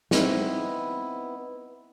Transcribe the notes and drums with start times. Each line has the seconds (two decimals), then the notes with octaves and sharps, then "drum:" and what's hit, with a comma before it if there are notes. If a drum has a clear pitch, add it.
0.11 B3 C4 D#4 E4 B4, drum: snare